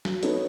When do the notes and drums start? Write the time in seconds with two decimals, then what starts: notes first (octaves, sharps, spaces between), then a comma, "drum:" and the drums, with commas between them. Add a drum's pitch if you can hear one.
0.05 F#3, drum: snare
0.23 B3 D#4 A4 C#5, drum: hi-hat